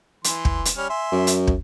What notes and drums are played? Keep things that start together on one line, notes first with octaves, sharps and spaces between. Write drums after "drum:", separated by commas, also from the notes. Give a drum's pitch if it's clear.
E3 C6, drum: hi-hat
drum: kick
drum: hi-hat
G3 C#4 F6
E5 G#5 C6
F#2
drum: hi-hat
drum: kick